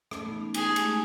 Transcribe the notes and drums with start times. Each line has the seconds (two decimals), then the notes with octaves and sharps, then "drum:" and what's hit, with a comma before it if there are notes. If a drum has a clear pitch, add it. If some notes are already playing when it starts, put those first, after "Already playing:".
0.11 A3 C#4, drum: rim click
0.26 B3 D#4
0.40 B3 D#4
0.54 B3 D#4 G#4, drum: cymbal
0.68 G#3
0.76 A3, drum: cymbal